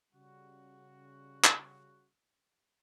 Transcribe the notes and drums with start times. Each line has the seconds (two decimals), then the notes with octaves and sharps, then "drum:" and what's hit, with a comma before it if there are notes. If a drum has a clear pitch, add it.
0.12 C#3 G3 F#4
1.44 drum: clap